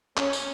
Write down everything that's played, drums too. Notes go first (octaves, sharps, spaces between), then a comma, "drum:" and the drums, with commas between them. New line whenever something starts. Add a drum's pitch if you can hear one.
C#4, drum: clap
drum: tambourine